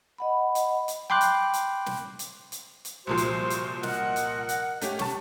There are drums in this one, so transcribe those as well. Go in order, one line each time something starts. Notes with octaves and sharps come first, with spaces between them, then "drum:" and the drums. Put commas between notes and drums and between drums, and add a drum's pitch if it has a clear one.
D#5 F#5 B5
drum: hi-hat
drum: hi-hat
G5 B5 C6 D6 F#6 G6
drum: hi-hat
drum: hi-hat
drum: snare
drum: hi-hat
drum: hi-hat
drum: hi-hat
C2 A#2 F3 F#4 C5
drum: hi-hat
drum: hi-hat
A#4 D#5 F#5, drum: snare
drum: hi-hat
drum: hi-hat
A3 C#4 G4, drum: hi-hat
A5 C#6, drum: snare